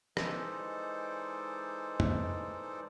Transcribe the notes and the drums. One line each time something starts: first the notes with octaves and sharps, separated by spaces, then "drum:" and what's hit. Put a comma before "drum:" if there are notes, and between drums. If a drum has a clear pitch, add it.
E3 G#3 D#4 A4 C5 D5, drum: rim click
drum: tom